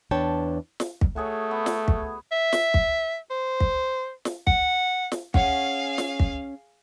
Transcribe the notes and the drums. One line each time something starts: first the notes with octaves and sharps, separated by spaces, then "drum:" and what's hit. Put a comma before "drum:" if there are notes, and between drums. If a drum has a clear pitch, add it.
E2 D4 B4 C#5 G5 A5
drum: snare
drum: kick
A3 F#4 G#4 C#5
B3
drum: snare
drum: kick
E5
drum: snare
drum: kick
C5
drum: kick
drum: snare
F#5, drum: kick
drum: snare
C#4 G#4 C#5 F5 F#5, drum: kick
drum: snare
drum: kick